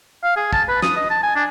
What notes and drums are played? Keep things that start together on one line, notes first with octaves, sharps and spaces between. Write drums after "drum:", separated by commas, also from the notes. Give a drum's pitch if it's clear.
F5
G#4
A5, drum: kick
B4
D#6, drum: snare
D#5
A5
G#5
D4